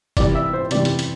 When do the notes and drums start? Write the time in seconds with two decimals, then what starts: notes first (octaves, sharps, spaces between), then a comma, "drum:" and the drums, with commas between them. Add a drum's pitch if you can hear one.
0.17 C3 E3 G3 D5, drum: kick F#1, hi-hat
0.35 E5
0.53 C5
0.71 C3 E3 G3 D5, drum: hi-hat
0.85 drum: hi-hat
0.99 drum: hi-hat